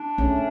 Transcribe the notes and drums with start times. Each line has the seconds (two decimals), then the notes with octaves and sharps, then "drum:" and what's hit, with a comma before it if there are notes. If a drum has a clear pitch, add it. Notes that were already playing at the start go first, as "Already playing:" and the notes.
Already playing: D4
0.18 A3 C#4, drum: kick